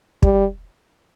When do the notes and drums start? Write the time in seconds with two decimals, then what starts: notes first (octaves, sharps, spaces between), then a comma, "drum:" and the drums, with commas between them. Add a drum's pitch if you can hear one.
0.23 G3, drum: kick